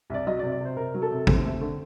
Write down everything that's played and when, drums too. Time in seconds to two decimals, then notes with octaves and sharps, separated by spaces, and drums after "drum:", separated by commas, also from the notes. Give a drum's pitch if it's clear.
0.10 C2 D5
0.27 F#3 D#5
0.39 D5
0.43 C3
0.52 D5
0.61 C3 C5
0.77 C3 A#4
0.94 F#3
1.02 A4
1.11 C3
1.27 D#2 C4, drum: kick A1
1.45 A3
1.61 D3